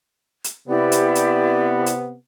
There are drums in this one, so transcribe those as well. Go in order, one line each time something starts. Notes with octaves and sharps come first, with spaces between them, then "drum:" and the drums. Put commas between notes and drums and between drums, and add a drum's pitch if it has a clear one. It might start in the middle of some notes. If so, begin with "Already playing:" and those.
drum: hi-hat
C3 B3 E4 G4 D5
drum: hi-hat
drum: hi-hat
drum: hi-hat